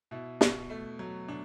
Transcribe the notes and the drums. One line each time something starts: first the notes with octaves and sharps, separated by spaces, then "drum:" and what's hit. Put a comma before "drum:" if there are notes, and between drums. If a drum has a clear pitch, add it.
B2 E4
B2, drum: snare
A3
F#3
B2 D4